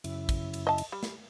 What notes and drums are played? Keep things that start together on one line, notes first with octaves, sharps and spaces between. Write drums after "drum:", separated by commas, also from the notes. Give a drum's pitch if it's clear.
F#2 C#3 E4, drum: cymbal
drum: kick, cymbal
drum: cymbal
D#5 A5
drum: cymbal
G3
drum: snare